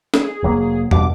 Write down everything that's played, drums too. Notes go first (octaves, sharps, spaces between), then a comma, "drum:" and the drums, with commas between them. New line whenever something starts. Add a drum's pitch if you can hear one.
G#4, drum: snare
F1 F#3 A#3
G2 B2 D6, drum: tom E2